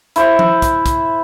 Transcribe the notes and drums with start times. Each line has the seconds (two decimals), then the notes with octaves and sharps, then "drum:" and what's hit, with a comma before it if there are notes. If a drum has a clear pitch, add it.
0.16 E4 C5 E5, drum: hi-hat
0.39 drum: tom F3
0.62 drum: kick, hi-hat
0.86 drum: kick, hi-hat